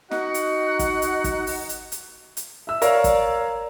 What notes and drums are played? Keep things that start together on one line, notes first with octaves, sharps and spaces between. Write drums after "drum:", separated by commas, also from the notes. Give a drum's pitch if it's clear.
D#4 F#4 F#5, drum: snare
drum: hi-hat
drum: kick, hi-hat
drum: hi-hat
drum: kick, hi-hat
drum: open hi-hat
drum: hi-hat
drum: hi-hat
drum: hi-hat
E5 E6
A#4 C#5 D5 F5, drum: hi-hat
drum: kick, hi-hat